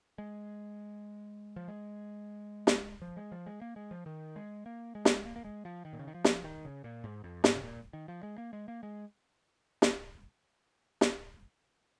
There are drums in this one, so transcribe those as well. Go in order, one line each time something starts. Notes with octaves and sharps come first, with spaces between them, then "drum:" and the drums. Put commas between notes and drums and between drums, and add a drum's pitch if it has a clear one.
G#3
F3
G#3
drum: snare
F3
G#3
F3
G#3
A#3
G#3
F3
D#3
G#3
A#3
G#3
drum: snare
A#3
A#3
G#3
F3
D#3
A#2
C#3
D#3
F3
drum: snare
D#3
C#3
A#2
G#2
F2
G#2, drum: snare
C#3
A#2
D#3
F3
G#3
A#3
G#3
A#3
G#3
drum: snare
drum: snare